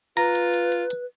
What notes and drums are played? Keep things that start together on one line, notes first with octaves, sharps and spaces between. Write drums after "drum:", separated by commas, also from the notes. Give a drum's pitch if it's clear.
F4 B4 A#5, drum: hi-hat
drum: hi-hat
drum: hi-hat
drum: hi-hat
drum: hi-hat